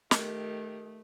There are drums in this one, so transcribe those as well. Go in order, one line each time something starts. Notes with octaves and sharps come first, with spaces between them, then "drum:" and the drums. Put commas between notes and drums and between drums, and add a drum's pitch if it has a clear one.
D#3 A3 G4, drum: snare